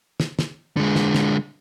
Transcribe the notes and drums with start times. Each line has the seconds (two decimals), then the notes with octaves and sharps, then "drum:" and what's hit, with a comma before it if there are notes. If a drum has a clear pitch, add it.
0.20 drum: snare
0.39 drum: snare
0.77 D3 G#3
0.96 drum: snare
1.15 drum: snare